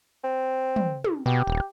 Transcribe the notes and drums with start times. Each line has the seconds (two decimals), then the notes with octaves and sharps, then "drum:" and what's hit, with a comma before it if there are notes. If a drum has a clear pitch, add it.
0.24 C4
0.76 drum: tom
1.04 drum: tom
1.26 B2 G4
1.47 D#1